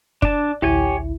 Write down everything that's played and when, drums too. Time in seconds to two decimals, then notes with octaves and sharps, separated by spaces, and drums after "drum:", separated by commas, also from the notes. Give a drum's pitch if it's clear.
0.22 D4 D5 A5, drum: kick
0.62 A1 D2 E4 G4 C#5 G#5